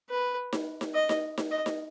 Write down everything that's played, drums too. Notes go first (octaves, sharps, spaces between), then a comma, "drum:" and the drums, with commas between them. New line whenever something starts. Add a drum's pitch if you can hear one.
B4
drum: snare D#4
drum: snare D#4
D#5
drum: snare D#4
drum: snare D#4
D#5
drum: snare D#4